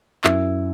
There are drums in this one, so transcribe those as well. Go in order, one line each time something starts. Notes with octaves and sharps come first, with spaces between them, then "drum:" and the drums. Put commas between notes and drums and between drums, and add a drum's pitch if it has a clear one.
F#2 E4, drum: clap